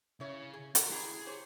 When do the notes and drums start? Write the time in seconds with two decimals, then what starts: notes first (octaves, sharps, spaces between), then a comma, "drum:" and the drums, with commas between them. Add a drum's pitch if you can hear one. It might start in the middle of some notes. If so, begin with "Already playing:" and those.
0.20 C#3 E4 C#5
0.54 G#4
0.75 F#4 A4 A#4, drum: hi-hat
0.91 E4 G4 G#4 A#5
1.27 G4 C5 C#5